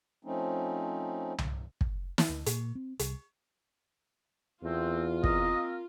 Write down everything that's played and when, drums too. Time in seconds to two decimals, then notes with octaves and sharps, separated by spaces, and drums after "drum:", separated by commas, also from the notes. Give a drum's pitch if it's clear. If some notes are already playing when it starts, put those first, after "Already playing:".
0.25 F3 A3 C4 C#4 D#4
1.38 drum: tom C2
1.81 drum: kick
2.18 drum: snare
2.29 D2
2.46 A#2, drum: hi-hat
2.75 C4
2.99 C2, drum: hi-hat
4.63 E2 A3 B3 C4 F4
5.24 A#3 C4 A#4 D#5, drum: kick